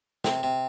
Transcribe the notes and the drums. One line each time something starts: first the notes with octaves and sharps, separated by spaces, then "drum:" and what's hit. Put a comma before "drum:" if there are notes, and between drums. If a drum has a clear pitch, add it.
C3, drum: snare
C3